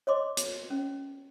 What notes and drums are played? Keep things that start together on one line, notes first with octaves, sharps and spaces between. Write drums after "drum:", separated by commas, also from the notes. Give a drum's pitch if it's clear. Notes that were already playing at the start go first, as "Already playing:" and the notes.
C#5 D#5 C6 D6
drum: hi-hat
C#4